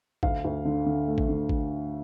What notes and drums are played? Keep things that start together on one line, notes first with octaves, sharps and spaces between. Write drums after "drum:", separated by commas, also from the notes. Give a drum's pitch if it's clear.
D2 F5, drum: kick
D2
D3
D3
A3
drum: kick
D3
drum: kick